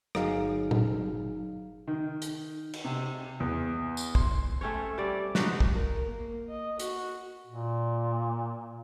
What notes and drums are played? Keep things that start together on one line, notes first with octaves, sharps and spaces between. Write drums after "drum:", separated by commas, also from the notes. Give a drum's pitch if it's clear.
G1 F#3 D#4 G#4 F5, drum: rim click
drum: tom
D#3
drum: hi-hat
drum: cymbal
C3
E2
drum: tambourine
C6, drum: kick
A3 C4 C#4 C#5
G3 D5
F3 D#4 F#4, drum: snare
drum: kick
A#4
A#3
D#5
F#4, drum: hi-hat
A#2